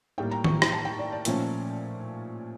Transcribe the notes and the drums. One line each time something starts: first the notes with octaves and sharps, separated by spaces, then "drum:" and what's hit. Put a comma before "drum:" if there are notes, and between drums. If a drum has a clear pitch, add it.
A2 G3 A#3 G5
A#5
C#6, drum: tom D#3
drum: rim click
A5
G5
D5
D5
A#2 F3 A3 C#4, drum: hi-hat